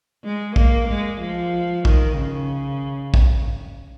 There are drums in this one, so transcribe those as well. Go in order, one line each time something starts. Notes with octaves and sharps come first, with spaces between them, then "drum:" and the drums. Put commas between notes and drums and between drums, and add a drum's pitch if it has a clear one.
G#3
A#3, drum: kick
G#3
F3
D#3, drum: kick
C#3
drum: kick